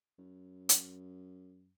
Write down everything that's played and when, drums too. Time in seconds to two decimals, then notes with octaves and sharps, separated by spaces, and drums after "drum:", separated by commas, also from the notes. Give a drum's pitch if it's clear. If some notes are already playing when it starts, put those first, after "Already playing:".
0.18 F#2
0.69 drum: hi-hat